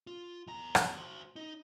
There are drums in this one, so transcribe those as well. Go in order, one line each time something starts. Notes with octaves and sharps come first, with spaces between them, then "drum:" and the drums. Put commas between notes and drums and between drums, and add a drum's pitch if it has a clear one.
F4
E2 A#5
drum: rim click
F#4 C5
D#4